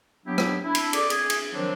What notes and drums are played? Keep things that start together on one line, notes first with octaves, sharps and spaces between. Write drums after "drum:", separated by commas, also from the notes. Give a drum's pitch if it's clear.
F#3 B3 D4 E4 G4
drum: rim click
D4 E4
drum: cymbal
G#4 A4 D5, drum: cymbal
G#4, drum: cymbal
drum: cymbal
D#3 F3 F#3 C4 D4